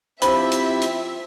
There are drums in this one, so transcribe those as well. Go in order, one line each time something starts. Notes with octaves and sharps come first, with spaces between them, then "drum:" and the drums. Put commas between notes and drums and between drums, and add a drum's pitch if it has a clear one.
F3 C4 E4 G4 E5 B5, drum: hi-hat
drum: hi-hat
drum: hi-hat